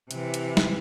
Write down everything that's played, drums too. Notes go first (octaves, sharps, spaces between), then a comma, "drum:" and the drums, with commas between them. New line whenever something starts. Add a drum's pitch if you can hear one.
C3 E3, drum: hi-hat
drum: hi-hat
drum: snare